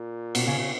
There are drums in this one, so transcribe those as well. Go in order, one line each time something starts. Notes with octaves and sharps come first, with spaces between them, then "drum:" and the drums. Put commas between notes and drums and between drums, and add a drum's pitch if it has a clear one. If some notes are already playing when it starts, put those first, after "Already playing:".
Already playing: A#2
B2, drum: cymbal
C#3
C#3